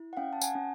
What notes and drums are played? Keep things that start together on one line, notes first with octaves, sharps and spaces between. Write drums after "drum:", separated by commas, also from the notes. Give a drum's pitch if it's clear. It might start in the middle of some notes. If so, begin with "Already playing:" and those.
Already playing: E4
F#5
C#4 F5 G5
A5
F#5 G#5, drum: tambourine
C#4